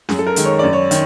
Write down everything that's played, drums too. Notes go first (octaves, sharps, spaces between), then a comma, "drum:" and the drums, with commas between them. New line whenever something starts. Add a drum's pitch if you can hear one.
F#2 G#4, drum: snare C#4
A4
A#4
D#3 G#3, drum: hi-hat
C#5
F#2 D5
C#5
D#3, drum: hi-hat